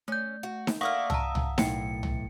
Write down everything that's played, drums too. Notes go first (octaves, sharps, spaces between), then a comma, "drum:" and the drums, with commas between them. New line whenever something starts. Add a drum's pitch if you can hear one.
A3 C#4 G6
F#4
drum: snare D#4
A3 A#3 D4 F5 F#5 C#6 D#6 F6
E5 A5 A#5, drum: tom
drum: tom
B1 A2 G5 C#7, drum: snare D#4
drum: tom